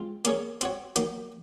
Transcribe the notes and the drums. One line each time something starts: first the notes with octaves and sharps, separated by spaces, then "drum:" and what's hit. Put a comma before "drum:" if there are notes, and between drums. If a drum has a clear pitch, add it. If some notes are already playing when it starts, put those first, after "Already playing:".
Already playing: G#3 C4 F4
A#3 C#4 G#4 C#5, drum: hi-hat
C4 F#4 C#5, drum: hi-hat
D#3 F#3 A#3, drum: hi-hat